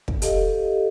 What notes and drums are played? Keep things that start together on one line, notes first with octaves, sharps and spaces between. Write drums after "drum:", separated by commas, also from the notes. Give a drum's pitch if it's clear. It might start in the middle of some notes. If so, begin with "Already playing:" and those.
drum: kick
G4 A4 D#5 F5, drum: hi-hat